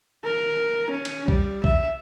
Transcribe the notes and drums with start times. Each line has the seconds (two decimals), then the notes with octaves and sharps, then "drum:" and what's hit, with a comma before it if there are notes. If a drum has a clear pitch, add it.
0.24 A#4
0.91 C#4
1.05 drum: cymbal
1.28 G3, drum: kick B1
1.64 E5, drum: kick B1